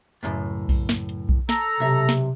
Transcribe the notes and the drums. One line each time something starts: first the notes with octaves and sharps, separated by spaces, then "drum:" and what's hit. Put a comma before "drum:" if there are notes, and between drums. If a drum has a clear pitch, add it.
C#2 F#2 A2
drum: kick B1, open hi-hat
drum: snare
drum: hi-hat
drum: kick B1
A4 A#5, drum: snare
B1 C3 E5
drum: snare